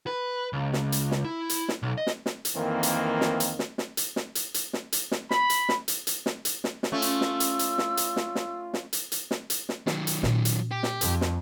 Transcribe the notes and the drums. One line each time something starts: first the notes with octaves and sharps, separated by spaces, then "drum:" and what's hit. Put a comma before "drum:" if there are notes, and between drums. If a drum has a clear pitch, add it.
B4
C#2
drum: snare
drum: hi-hat
drum: snare
E4
drum: hi-hat
drum: snare
B1
D#5
drum: snare
drum: snare
drum: hi-hat
F2 D#3 E3 A#3 C4
drum: hi-hat
drum: snare
drum: hi-hat
drum: snare
drum: snare
drum: hi-hat
drum: snare
drum: hi-hat
drum: hi-hat
drum: snare
drum: hi-hat
drum: snare
B5, drum: snare
drum: hi-hat
drum: snare
drum: hi-hat
drum: hi-hat
drum: snare
drum: hi-hat
drum: snare
drum: snare
A3 C#4 F4 E6
drum: hi-hat
drum: snare
drum: hi-hat
drum: hi-hat
drum: snare
drum: hi-hat
drum: snare
drum: snare
drum: snare
drum: hi-hat
drum: hi-hat
drum: snare
drum: hi-hat
drum: snare
D#3 F#3, drum: snare
drum: hi-hat
A#2 C#4, drum: snare
drum: hi-hat
G4
drum: snare
F2, drum: hi-hat
drum: snare